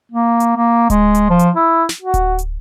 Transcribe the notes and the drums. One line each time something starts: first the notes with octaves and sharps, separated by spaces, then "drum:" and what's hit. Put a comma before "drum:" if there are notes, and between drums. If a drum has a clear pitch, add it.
A#3
drum: hi-hat
A#3
G#3, drum: kick D1, hi-hat
drum: hi-hat
F3
drum: hi-hat
E4
drum: snare
F#4
drum: kick D1, hi-hat
drum: hi-hat